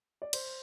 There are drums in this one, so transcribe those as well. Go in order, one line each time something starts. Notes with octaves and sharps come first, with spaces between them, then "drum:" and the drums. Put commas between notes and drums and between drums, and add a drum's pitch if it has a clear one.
D5
C5, drum: cymbal